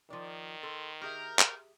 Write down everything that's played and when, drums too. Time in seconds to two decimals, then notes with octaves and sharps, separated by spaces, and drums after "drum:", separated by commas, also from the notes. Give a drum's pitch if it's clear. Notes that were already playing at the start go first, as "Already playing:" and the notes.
0.10 D#3 F3 D5
0.63 A4 C6
1.02 G4 G#4 A#4 E5 G6
1.39 drum: clap